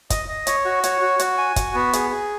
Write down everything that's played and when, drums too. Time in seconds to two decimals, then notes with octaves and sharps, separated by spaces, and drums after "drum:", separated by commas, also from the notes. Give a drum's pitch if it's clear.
0.10 D#5, drum: kick, hi-hat
0.28 D#5
0.47 C#5, drum: hi-hat
0.65 F#4
0.84 C#5, drum: hi-hat
1.02 F#4
1.19 F#4, drum: hi-hat
1.38 G#5
1.56 F#4, drum: kick, hi-hat
1.74 B3
1.93 G#4, drum: hi-hat
2.11 G#4